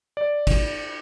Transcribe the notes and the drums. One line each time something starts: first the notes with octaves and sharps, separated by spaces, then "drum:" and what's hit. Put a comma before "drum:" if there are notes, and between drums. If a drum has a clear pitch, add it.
D5
drum: kick, cymbal